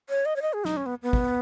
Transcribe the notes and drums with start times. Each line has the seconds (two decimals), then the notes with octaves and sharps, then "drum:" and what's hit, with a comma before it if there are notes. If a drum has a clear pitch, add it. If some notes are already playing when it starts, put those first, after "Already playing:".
0.09 C#5
0.26 D#5
0.36 C#5
0.42 D#5
0.53 G#4
0.65 D#4, drum: snare
0.77 C#4
0.86 B3
1.03 B3
1.13 drum: kick